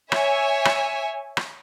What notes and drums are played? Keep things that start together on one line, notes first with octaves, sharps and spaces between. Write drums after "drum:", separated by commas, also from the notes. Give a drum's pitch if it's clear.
C#5 E5 G#5, drum: rim click
drum: rim click
drum: rim click